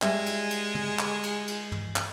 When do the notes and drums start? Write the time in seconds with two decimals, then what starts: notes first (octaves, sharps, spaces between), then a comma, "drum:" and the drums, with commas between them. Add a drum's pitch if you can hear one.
0.02 G3 G#3 E5, drum: clap
0.26 drum: cymbal
0.51 drum: cymbal
0.75 drum: tom
0.99 drum: clap
1.23 drum: cymbal
1.48 drum: cymbal
1.72 drum: tom
1.96 drum: clap